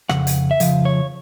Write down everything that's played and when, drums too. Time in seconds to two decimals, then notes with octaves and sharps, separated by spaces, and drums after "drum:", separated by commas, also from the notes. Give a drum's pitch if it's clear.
0.09 F2 C#3 F#5, drum: rim click
0.27 drum: hi-hat
0.51 E5
0.60 F2 C#3 F3 F5, drum: hi-hat
0.85 C#5